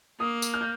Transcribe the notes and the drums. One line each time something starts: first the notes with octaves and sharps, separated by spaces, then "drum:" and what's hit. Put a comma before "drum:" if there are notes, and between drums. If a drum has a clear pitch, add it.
A#3 D#6
drum: tambourine
F6
G6